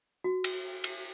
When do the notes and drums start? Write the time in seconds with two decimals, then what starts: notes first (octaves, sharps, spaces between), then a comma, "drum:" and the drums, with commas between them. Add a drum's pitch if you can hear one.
0.24 F#4
0.44 drum: cymbal
0.84 drum: cymbal